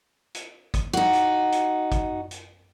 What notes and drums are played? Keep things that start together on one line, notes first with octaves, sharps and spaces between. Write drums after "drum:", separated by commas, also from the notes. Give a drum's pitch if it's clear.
drum: hi-hat
drum: kick G#1, hi-hat
D#4 F#4
drum: hi-hat
drum: hi-hat
drum: kick G#1, hi-hat
drum: hi-hat